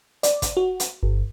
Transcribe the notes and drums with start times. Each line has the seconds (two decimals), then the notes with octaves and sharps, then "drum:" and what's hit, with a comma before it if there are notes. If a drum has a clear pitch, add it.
0.23 D5, drum: hi-hat
0.42 drum: kick, hi-hat
0.57 F#4
0.80 drum: hi-hat
1.03 G1